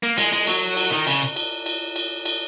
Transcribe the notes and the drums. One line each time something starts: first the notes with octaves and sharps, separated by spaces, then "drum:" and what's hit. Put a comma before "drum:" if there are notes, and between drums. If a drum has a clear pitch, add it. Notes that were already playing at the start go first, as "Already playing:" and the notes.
A#3
G#3, drum: cymbal
G#3
F#3, drum: cymbal
drum: cymbal
D#3
C#3, drum: cymbal
drum: cymbal
drum: cymbal
drum: cymbal
drum: cymbal